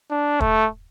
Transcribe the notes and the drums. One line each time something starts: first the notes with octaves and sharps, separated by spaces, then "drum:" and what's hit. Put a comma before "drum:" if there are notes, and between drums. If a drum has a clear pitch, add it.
D4
A3, drum: kick